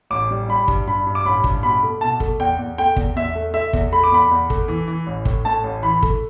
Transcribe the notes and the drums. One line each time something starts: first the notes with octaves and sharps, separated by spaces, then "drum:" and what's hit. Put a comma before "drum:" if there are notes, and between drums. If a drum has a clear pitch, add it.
A1 D6
G3
G3 B5
G2, drum: kick
G2 B5
G2
D6
A1 B5
G2, drum: kick
B2 B5
A3
B2 A5
A3, drum: kick
E2 G5
E2
A3 G5
E2, drum: kick
E2 E5
A3
A3 E5
E2, drum: kick
A3 B5
D6
E2 B5
E2
A3, drum: kick
E3
E3
A1
A2, drum: kick
A2 A5
A1
E3 B5
A3, drum: kick